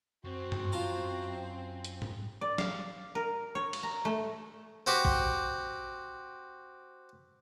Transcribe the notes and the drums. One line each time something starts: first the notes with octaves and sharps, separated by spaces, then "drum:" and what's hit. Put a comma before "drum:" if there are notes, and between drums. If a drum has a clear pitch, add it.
F#2 C4 F#4
drum: tom G2
F4 A5 A#5
drum: hi-hat
drum: tom G#2
D5
F5, drum: snare
A#4
C#5
drum: cymbal
A#5
A3
C4 F#4 G4
drum: kick